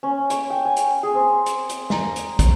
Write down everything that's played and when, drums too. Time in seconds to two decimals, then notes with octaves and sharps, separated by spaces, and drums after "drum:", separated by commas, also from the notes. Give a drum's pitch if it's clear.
0.03 C#4
0.30 C#6, drum: hi-hat
0.50 G5
0.65 G#5
0.77 drum: hi-hat
1.03 G#4
1.15 C4
1.46 drum: hi-hat
1.69 drum: hi-hat
1.90 A#5, drum: snare
2.16 drum: hi-hat
2.39 drum: kick, hi-hat